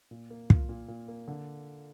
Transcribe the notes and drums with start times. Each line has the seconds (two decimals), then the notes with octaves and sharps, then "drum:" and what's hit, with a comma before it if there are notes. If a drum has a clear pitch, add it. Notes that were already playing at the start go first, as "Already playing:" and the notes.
0.11 A#2
0.30 A#3
0.50 F4, drum: kick
0.69 A#2
0.88 A#2
1.08 A#3
1.28 D3